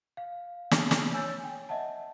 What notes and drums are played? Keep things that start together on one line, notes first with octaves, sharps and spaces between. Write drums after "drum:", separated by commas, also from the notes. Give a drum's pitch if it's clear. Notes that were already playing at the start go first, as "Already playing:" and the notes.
F5
drum: snare
drum: snare
C#5 G#5 E6 G6 A6
G5
D#5 E5 F#5 A5